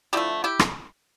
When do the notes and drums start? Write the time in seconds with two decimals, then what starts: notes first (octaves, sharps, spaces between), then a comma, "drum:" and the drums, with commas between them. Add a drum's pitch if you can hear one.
0.13 D3 F3 A3 E4 G4
0.44 E4 G4
0.59 drum: rim click